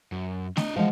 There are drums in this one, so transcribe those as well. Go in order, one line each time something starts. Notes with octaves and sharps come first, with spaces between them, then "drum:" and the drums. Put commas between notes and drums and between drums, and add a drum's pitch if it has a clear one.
F#2
D4 D#5, drum: snare A3
E3 F3 G#3 F5 F#5